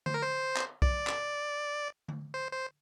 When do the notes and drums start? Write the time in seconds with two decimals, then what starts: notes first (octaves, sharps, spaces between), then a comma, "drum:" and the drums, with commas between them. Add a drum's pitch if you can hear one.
0.06 C5, drum: tom D3
0.14 A#4
0.22 C5
0.57 drum: clap
0.82 D5, drum: kick B1
1.07 drum: clap
2.08 drum: tom D3
2.34 C5
2.53 C5